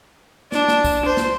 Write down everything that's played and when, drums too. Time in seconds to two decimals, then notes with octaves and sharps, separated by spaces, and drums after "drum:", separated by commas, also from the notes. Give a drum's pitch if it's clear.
0.52 D4, drum: snare
0.68 drum: snare
0.84 drum: kick, tambourine
1.05 C5
1.17 drum: snare